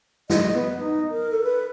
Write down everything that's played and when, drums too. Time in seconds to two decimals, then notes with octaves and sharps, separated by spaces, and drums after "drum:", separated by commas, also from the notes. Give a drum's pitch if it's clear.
0.30 D#5, drum: snare
0.53 B3
0.79 D#4
1.11 A#4
1.31 A4
1.44 B4